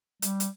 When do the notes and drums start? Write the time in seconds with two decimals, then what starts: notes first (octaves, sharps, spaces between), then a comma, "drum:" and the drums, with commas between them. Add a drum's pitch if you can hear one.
0.22 G3, drum: hi-hat
0.40 drum: hi-hat